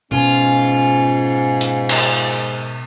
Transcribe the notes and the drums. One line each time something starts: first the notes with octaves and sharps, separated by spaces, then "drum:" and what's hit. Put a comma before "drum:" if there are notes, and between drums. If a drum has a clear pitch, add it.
G#2 B2 C#4 F4
drum: hi-hat
drum: cymbal